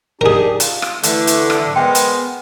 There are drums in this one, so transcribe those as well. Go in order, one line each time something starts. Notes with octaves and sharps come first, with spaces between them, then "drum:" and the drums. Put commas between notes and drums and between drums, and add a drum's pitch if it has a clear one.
D4 D#4 G4 G#4 A#4
F4, drum: hi-hat
drum: rim click
D3 E3 A3, drum: hi-hat
drum: hi-hat
drum: rim click
G#3 B3 A#4 C5 G5
drum: hi-hat